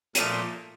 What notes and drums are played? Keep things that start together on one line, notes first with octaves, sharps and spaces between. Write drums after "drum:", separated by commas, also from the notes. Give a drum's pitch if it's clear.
A#2 F3 A3 F5, drum: hi-hat